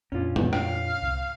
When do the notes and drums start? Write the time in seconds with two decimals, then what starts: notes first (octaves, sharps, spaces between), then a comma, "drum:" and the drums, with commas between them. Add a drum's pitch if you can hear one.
0.12 F2 A#2 C#4 D4 F4
0.36 drum: tom
0.53 F5, drum: rim click
1.02 C2 G#2 C3